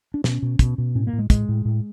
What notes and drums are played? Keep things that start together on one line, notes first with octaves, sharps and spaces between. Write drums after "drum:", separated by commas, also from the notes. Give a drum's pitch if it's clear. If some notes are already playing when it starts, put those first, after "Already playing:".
D4
B2 C#4, drum: snare
B2
B2, drum: kick, hi-hat
B2
A2 C#4
A#3
A2
G#3
A2 G#3, drum: kick, hi-hat
A2
A2